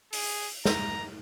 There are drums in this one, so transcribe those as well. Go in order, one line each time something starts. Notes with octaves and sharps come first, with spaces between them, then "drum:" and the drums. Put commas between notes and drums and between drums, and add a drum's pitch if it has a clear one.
G#4, drum: open hi-hat
A#5, drum: snare